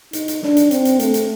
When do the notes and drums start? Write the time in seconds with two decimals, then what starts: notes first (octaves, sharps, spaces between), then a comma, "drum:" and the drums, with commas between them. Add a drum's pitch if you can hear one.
0.13 D#4, drum: hi-hat
0.28 drum: hi-hat
0.43 D4, drum: snare
0.57 drum: hi-hat
0.71 C4, drum: hi-hat
0.85 drum: hi-hat
1.00 A3, drum: hi-hat
1.14 drum: hi-hat